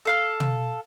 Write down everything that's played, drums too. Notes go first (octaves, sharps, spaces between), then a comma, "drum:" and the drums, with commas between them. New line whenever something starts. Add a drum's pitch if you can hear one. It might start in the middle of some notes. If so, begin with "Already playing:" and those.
A4 F5 F6
drum: tom